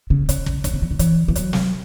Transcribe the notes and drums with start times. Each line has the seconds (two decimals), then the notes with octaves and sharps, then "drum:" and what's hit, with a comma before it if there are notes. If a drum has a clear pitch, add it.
0.10 C#3
0.29 C#3, drum: hi-hat
0.46 drum: kick
0.64 D3, drum: kick, hi-hat
0.73 C#3
0.82 E3
0.91 D3
0.99 E3, drum: hi-hat
1.28 E3
1.36 F#3, drum: hi-hat
1.53 drum: snare